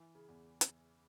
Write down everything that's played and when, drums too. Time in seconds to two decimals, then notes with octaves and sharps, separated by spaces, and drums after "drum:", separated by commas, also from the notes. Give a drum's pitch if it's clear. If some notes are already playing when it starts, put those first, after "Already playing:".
Already playing: E3
0.15 C#3
0.28 E2
0.61 drum: hi-hat